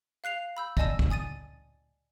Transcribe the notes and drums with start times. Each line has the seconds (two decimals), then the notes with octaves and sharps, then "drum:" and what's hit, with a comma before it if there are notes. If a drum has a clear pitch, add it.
0.24 F5 F#6 C7 F7
0.57 B5 E6 G6
0.77 D5 D#5 G#5 A5 E6, drum: kick
0.99 drum: kick
1.10 G#5 D#6 A6 D#7